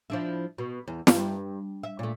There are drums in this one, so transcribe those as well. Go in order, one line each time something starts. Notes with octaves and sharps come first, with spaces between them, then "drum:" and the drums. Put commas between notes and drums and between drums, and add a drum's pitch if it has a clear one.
F3 D4 E4
B2
E2
G2, drum: snare
E5
A#2 A3